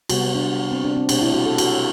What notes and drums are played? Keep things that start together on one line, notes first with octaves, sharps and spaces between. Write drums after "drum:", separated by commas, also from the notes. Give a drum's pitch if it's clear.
C3 G3 B3 F#4, drum: cymbal
D4
C4
D4
C4
B2 A3 D4, drum: cymbal
E4
F#4
A4
F#4, drum: cymbal